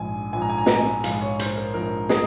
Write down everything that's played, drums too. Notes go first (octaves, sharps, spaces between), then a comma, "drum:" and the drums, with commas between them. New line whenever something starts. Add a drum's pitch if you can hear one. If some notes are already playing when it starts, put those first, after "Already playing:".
Already playing: A#1 G#2 F3 G#5
A#1 G#2 F3 G#5
A#5
G#5
A#5
G#5, drum: snare
A#1 G#2 F3 F5, drum: hi-hat
C#5
C5, drum: hi-hat
A#4
A#1 G#2 F3 A#4
G#4, drum: snare